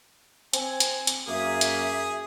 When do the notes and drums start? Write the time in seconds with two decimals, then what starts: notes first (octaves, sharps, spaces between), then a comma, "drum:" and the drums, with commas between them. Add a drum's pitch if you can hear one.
0.53 C4 G#5, drum: hi-hat
0.80 drum: hi-hat
1.07 drum: hi-hat
1.27 F#2 A#3 G#4 E5
1.61 drum: hi-hat